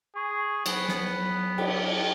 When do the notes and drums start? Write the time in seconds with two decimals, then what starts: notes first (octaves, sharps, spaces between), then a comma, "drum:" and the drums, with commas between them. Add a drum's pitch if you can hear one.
0.16 G#4 C#6
0.66 F#3 B3 C4, drum: cymbal
0.88 drum: snare
1.58 G4, drum: cymbal